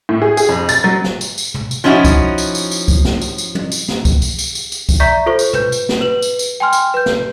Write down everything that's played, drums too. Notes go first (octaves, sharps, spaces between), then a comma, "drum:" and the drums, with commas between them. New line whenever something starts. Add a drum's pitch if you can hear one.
A2
G#4
G#4, drum: tambourine
F2
A6, drum: tambourine
F#3
drum: snare
drum: tambourine
drum: tambourine
drum: tom
drum: tambourine
F3 C#4 D#4 E4 F#4
drum: kick C2, tambourine
drum: tambourine
drum: tambourine
drum: tambourine
drum: kick C2, tambourine
drum: snare
drum: tambourine
drum: tambourine
drum: tom
drum: tambourine
drum: snare
drum: kick C2, tambourine
drum: tambourine
drum: tambourine
drum: tambourine
drum: tambourine
drum: kick C2, tambourine
D5 E5 A#5 C#6 G6 B6
F4 A4 C5 C#6
drum: tambourine
B4 G6, drum: tom
drum: tambourine
drum: snare
B4 F#7
drum: tambourine
drum: tambourine
G5 G#5 C6 F6
drum: tambourine
B4 G6
drum: snare